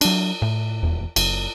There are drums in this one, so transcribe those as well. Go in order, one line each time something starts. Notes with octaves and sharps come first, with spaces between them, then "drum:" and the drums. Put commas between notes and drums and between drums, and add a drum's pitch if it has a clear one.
F#3 D4, drum: cymbal
A2
D#1 E2
F#1, drum: cymbal